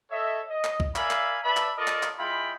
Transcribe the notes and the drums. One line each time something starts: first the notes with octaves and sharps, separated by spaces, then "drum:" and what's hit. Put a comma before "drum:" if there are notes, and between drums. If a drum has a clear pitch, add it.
A4 C#5 D#5 E5
D#5
drum: clap
drum: kick
A#4 D5 E5 F5 G#5 B5, drum: clap
drum: clap
B4 D5 E5 A5 B5
drum: clap
F4 A4 A#4 D5 D#5
drum: clap
drum: clap
G#3 E4 F4 G#4 G5 B5